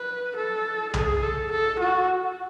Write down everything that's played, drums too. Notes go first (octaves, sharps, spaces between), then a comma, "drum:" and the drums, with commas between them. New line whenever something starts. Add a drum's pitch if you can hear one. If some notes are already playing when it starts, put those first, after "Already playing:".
Already playing: B4
A4
G#4, drum: tom B1
A4
A4
F#4